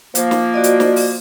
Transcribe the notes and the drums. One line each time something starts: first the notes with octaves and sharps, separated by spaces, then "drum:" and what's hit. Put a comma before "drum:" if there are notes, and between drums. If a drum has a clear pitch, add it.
F3 A#3, drum: hi-hat
drum: snare
F#4 D5 D#5
drum: hi-hat
drum: snare
drum: open hi-hat